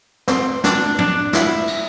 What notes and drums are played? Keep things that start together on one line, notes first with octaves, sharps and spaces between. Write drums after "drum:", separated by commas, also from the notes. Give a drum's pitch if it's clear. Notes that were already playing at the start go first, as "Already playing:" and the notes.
C4, drum: snare
D4, drum: snare
D4, drum: tom
E4, drum: snare
drum: cymbal